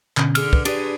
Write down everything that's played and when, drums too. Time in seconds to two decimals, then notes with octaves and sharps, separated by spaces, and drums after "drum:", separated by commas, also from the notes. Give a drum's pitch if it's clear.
0.17 B2 D3 C#4, drum: clap
0.35 D3 G#4 E6 F6 D7, drum: cymbal
0.53 B4, drum: kick
0.65 D4 G4 G#4 B4 D5, drum: cymbal